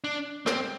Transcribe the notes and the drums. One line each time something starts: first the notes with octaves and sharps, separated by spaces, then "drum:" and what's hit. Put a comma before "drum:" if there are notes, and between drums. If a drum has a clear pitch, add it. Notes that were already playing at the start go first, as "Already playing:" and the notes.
D4
C4, drum: rim click